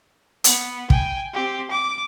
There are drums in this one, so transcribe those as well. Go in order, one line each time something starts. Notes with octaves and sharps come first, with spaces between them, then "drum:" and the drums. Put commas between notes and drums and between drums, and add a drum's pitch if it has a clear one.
B3, drum: hi-hat
G5 G#5, drum: kick
C4 G4
D6